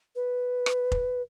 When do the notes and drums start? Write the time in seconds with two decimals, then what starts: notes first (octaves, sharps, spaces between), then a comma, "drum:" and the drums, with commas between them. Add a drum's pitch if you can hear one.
0.16 B4
0.66 drum: rim click
0.92 drum: kick F1